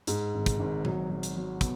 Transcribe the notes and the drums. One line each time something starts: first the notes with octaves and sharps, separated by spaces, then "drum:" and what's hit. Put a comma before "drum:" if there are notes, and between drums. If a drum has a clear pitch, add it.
G#2, drum: hi-hat
G#1
drum: kick, hi-hat
G#1
F#3, drum: tom A#2
F#3
drum: hi-hat
F#3
B3, drum: kick, hi-hat